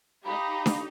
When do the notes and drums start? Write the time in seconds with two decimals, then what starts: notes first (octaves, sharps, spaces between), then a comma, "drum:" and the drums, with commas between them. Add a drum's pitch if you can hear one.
0.25 D#4 G4 F5 A#5 B5
0.66 drum: snare D4